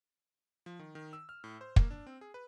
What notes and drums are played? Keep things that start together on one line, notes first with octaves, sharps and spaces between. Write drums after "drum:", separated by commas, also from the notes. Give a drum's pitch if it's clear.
F3
D#3
D#3
E6
F6
A2
C5
A#3, drum: kick
D4
C4
G#4
B4